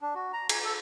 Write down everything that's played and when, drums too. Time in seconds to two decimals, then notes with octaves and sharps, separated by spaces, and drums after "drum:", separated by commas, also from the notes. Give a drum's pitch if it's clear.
0.02 D4
0.15 F#4
0.33 A#5
0.49 G#5, drum: cymbal
0.64 A4